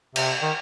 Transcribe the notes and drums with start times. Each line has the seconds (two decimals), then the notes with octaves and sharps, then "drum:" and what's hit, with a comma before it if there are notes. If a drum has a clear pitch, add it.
0.16 C3, drum: cymbal
0.42 D#3